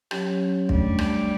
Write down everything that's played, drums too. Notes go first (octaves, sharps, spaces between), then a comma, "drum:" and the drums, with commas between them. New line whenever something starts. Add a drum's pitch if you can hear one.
F#3 C#4 G4 C#5, drum: rim click
G3 A3 D4 G4, drum: kick
drum: rim click